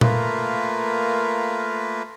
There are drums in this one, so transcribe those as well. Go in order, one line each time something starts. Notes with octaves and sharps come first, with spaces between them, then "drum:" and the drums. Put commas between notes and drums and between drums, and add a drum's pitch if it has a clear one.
A3 A#3 F4 A#4 B4, drum: tom